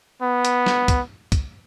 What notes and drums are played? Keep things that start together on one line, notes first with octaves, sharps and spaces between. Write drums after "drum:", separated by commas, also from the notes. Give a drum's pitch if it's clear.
B3
drum: hi-hat
drum: snare
drum: kick, hi-hat
drum: kick, hi-hat